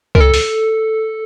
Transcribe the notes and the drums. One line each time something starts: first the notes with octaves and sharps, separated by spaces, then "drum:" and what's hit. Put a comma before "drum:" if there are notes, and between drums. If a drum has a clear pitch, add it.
A#4, drum: kick C2
A4
drum: open hi-hat